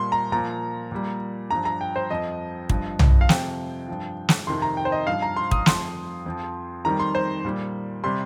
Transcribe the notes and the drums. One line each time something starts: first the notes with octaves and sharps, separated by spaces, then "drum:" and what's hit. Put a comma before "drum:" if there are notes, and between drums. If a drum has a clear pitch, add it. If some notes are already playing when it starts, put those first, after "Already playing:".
Already playing: A#2 G3 C6
A#5
A#2 F3 A#5
A#2 G3
G2 F3 A#5
A#5
G5
C5
F2 F3 D#5
G2 F3, drum: kick
drum: tom B1
F5
F2 C3 F3 G5, drum: snare
G2 F3
drum: snare
F2 C3 D#3 C6
A#5
G5
C5
D#5
G2 F3 F5
A#5
C6
D#6, drum: kick
F2 F3 C6, drum: snare
F2 F3
F2 D#3 G3 A#5
C6
C5
A#2 G3
C3 G3 C6